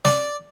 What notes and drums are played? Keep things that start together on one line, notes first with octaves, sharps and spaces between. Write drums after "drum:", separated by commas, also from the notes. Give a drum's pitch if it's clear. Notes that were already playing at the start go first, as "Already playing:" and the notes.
D5, drum: snare